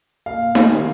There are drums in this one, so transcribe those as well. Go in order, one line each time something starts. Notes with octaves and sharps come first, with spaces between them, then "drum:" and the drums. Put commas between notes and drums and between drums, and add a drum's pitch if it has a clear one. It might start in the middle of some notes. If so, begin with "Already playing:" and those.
A#1 F5
drum: snare D#4
D#3 G3 C4